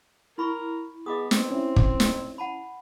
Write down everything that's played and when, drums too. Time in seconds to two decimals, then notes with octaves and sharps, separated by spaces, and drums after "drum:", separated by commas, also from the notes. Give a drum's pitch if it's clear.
0.38 E4 A#4 B5 C#6
1.06 B3 G#4 D#5 D6 D#6
1.31 B3 C4, drum: snare
1.51 C#4 E4
1.76 drum: kick
2.00 drum: snare
2.38 F#5 A5 B5